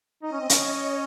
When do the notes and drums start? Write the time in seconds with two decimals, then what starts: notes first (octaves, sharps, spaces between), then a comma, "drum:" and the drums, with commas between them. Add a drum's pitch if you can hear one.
0.23 D#4 D#5
0.32 C#4
0.41 C4
0.50 C#4, drum: hi-hat
0.59 C#5